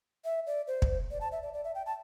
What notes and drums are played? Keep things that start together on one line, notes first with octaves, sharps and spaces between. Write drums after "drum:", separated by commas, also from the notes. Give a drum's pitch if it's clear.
E5
D5
C5
drum: kick
D5
A5
E5
D5
D5
E5
G5
A5